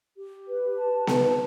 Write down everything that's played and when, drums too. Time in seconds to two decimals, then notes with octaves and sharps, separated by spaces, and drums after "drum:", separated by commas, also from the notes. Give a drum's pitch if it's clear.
0.17 G4
0.47 B4
0.77 A5
1.07 B4, drum: snare B3